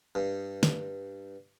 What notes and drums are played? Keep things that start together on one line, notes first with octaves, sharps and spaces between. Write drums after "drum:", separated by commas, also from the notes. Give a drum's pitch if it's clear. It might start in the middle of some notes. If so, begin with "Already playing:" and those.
G2
drum: snare